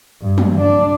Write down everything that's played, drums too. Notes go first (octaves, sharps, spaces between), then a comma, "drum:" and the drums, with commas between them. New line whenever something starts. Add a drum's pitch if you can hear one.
G2
drum: tom
D4